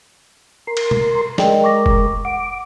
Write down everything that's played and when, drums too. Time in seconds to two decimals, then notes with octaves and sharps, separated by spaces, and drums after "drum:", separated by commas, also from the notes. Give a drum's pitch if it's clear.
0.67 A#4 C6
0.77 drum: cymbal
0.91 drum: tom B2
1.38 G#3 A#4 D5 D#5 G5, drum: snare
1.64 C#6 D6 A#6
1.86 drum: kick F1
2.25 F#5 D6